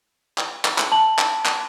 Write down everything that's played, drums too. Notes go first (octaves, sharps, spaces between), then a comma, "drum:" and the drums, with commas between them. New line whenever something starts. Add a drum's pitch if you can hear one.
drum: clap
drum: clap
drum: clap
A5 F#7
drum: clap
drum: clap